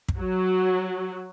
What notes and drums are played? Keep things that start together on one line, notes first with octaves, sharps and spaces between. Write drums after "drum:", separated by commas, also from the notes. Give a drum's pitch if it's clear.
drum: kick
F#3